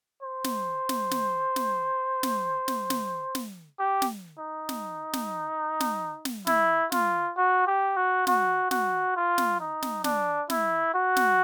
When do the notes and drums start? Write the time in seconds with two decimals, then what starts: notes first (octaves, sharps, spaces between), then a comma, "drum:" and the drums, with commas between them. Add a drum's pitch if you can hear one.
0.22 C5
0.44 drum: snare
0.89 drum: snare
1.11 drum: snare
1.56 drum: snare
2.23 drum: snare
2.68 drum: snare
2.90 drum: snare
3.35 drum: snare
3.79 G4
4.02 drum: snare
4.39 D#4
4.69 drum: snare
5.13 drum: snare
5.80 drum: snare
6.25 drum: snare
6.47 E4, drum: snare
6.92 F4, drum: snare
7.37 F#4
7.67 G4
7.97 F#4
8.27 F#4, drum: snare
8.71 F#4, drum: snare
9.16 F4
9.38 drum: snare
9.60 D#4
9.82 drum: snare
10.04 D4, drum: snare
10.50 E4, drum: snare
10.94 F#4
11.16 drum: snare